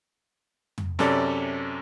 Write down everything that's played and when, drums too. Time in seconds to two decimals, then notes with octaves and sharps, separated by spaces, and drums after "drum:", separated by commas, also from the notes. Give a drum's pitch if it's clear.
0.78 drum: tom
0.99 F#2 C3 C#4 A4 D5, drum: snare